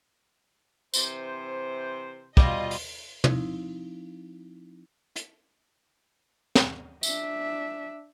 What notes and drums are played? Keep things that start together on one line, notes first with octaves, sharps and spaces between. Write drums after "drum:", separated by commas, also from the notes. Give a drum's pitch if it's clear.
C3 E3 C5, drum: tambourine
B2 G3 F4 D#5, drum: kick
drum: open hi-hat
F3 C4 D#4 E4, drum: tom
drum: hi-hat
drum: snare
D4 E5, drum: tambourine